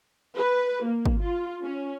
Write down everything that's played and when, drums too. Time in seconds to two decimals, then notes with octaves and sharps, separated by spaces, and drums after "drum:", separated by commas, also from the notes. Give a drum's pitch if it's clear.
0.36 B4
0.83 A#3
1.06 drum: kick
1.20 F4
1.63 C#4